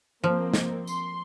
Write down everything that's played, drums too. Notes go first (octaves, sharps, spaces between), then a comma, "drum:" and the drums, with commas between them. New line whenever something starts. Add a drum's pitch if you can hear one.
F3 A#3 C4
drum: snare
C6, drum: tambourine